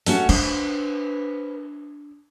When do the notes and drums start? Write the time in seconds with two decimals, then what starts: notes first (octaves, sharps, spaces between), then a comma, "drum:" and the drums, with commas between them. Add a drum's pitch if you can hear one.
0.06 A3 C#4 F#4, drum: open hi-hat
0.29 D4 B4 C5, drum: cymbal